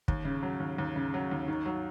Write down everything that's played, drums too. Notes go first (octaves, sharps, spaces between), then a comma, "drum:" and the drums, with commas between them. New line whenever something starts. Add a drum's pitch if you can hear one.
D#2, drum: kick
C#3
F#3
D#2
D#2
C#3
F#3
D#2
D#3
F#3